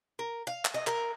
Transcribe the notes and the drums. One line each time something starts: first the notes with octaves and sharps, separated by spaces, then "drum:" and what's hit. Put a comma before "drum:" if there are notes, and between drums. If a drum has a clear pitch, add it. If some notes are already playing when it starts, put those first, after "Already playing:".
A#4
F5
drum: clap
D#5
A#4, drum: clap